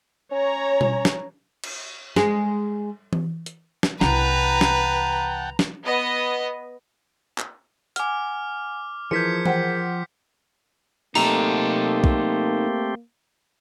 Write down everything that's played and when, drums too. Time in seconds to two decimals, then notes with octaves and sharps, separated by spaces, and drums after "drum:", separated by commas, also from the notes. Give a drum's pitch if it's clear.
0.32 C#4 C#5 A#5
0.81 drum: tom B2
1.05 drum: snare
1.64 drum: cymbal
2.16 G#3, drum: snare
3.13 drum: tom E3
3.46 drum: hi-hat
3.83 drum: snare
4.01 C2 E3 B4 F#5 G5 A5 A#5, drum: snare
4.61 drum: snare
5.59 drum: snare
5.85 B3 D#5
7.38 drum: clap
7.96 F#5 G#5 D6 F6, drum: hi-hat
9.11 E3 F3 G#4 A#4 G6 G#6 B6 C#7
9.46 C5 F#5 G5, drum: tom E3
11.15 A3 A#3 C4 D#4 G4 A4 A#5, drum: open hi-hat
12.04 drum: kick